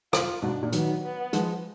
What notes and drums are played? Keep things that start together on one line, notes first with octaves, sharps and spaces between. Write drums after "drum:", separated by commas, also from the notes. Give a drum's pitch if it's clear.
F4, drum: rim click
G#2 B2 D4
A#2
D#3 F#3 B3, drum: hi-hat
B3
F3 G#3, drum: hi-hat